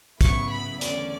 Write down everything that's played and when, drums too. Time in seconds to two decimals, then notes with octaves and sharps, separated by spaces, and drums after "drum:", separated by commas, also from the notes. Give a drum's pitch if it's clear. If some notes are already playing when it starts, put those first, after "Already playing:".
0.21 C#3 F#3 B3 E4 C#6, drum: kick, hi-hat
0.51 B5
0.81 E2 D3 A3 C#4 D5, drum: hi-hat